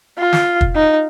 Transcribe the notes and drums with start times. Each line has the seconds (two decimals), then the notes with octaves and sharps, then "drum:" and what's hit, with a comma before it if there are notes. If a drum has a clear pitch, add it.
0.19 F4
0.33 drum: snare
0.61 drum: kick
0.75 D#4